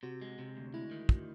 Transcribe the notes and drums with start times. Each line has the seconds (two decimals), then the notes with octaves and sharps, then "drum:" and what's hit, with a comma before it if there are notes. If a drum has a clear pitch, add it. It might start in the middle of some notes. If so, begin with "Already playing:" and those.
0.03 C3 F#4
0.21 G#3
0.39 C3
0.57 D2
0.74 G#3 E4
0.91 D#3
1.09 D2, drum: kick